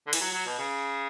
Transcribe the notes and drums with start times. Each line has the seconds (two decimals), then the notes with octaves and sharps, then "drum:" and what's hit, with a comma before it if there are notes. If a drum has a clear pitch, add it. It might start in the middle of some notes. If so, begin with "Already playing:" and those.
0.07 D3
0.13 E3, drum: cymbal
0.21 F#3
0.33 F#3
0.46 B2
0.59 C#3